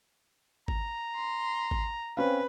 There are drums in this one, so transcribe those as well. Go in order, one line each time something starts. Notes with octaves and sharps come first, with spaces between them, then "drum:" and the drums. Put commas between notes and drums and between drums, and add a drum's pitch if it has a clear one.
A#5, drum: kick G#1
C6
drum: kick G#1
C4 C#4 B4 F5